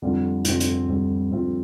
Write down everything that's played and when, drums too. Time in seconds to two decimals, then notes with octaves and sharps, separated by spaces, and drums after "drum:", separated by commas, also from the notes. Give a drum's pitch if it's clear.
0.02 F2 D3 G3 C4 F4
0.45 F2 D3 G3 C4 F4, drum: hi-hat
0.60 drum: hi-hat
0.88 F2 D3 G3 C4 F4
1.31 F2 D3 G3 C4 F4